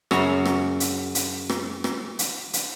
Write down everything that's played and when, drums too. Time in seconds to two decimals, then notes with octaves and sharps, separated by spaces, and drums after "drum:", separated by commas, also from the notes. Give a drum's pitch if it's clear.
0.11 F#2 C#3 F#4 C#5, drum: rim click
0.45 drum: rim click
0.80 drum: hi-hat
1.15 drum: hi-hat
1.49 drum: rim click
1.84 drum: rim click
2.19 drum: hi-hat
2.53 drum: hi-hat